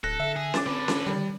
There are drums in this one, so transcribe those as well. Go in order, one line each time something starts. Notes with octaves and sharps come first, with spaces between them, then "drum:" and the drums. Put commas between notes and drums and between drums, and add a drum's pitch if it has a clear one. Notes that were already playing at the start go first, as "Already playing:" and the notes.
D1 A4 F#6 A#6
D3 E5
G#4
D6 A6 E7, drum: snare C#4
D3 C4 B4
drum: snare C#4
D#3 G3